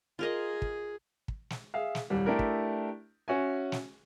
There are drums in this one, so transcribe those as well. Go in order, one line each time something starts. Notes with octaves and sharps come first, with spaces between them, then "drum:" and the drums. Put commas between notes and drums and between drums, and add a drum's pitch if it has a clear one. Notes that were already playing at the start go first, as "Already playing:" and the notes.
F4 G#4 A#4 D#5
drum: kick
drum: kick
drum: snare
G#4 E5 F5
drum: snare
D#1 C2 G3
A3 D4 E4 G4 A#4
drum: kick
C#4 F#4 E5 G#5
drum: snare